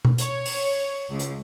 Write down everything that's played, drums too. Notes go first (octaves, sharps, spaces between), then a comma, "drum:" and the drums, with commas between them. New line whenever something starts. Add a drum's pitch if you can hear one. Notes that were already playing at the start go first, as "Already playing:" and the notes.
drum: tom B2
C#5, drum: hi-hat
drum: open hi-hat
C#2
drum: hi-hat